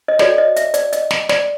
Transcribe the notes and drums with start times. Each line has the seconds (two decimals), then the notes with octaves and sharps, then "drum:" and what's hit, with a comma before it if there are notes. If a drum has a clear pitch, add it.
0.08 D#5
0.19 F#4 A4 C#5 D5, drum: snare
0.38 D#5
0.56 E5, drum: hi-hat
0.74 D5, drum: hi-hat
0.93 D#5, drum: hi-hat
1.11 drum: snare
1.29 D5, drum: snare